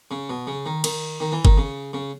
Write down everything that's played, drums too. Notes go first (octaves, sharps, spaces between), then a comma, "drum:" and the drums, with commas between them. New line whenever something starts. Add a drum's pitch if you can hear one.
C#3
B2
C#3
D#3
D#3, drum: cymbal
D#3
E3
D#3, drum: kick G1
C#3
C#3